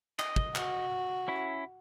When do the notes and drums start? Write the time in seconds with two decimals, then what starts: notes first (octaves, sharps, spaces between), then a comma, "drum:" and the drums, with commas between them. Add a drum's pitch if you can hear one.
0.19 D#5, drum: clap
0.36 drum: kick
0.55 F#4, drum: clap
1.28 C#4 E4